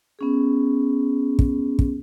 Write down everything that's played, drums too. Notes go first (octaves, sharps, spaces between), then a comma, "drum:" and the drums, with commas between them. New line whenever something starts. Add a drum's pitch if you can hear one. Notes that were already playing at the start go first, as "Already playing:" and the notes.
B3 C#4 G#4
drum: kick
drum: kick